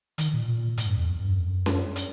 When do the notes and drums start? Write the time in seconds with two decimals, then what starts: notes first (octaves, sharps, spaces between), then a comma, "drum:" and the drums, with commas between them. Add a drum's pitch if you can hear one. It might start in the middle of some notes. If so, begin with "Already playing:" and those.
0.18 D#3, drum: hi-hat
0.33 A#2
0.48 A#2
0.77 A2, drum: hi-hat
0.87 G2
0.97 E2
1.06 F2
1.21 G2
1.31 F#2
1.40 F2
1.50 F#2
1.66 drum: snare C#4
1.96 drum: hi-hat